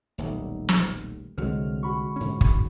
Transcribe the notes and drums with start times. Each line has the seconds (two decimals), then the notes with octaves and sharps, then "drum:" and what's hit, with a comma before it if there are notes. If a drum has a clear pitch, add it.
0.18 D#1 B1 G3 A3
0.69 drum: snare
1.38 C2 D3 F#3 G#3 C4 F#4 F6
1.83 F#4 B5 C#6
2.16 G#2 C#4
2.41 drum: kick